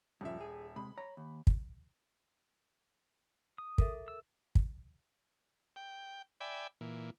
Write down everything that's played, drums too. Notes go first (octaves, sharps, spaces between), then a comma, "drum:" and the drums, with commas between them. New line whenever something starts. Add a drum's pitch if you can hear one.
D#1 G2 C#3 F3 E5
G#4
C3 G#3 B5
C#5 A#5
D#2
drum: kick
D#6
A4 A#4 E5, drum: kick
E6
drum: kick
G5
D5 E5 G5 G#5 B5
A#2 E3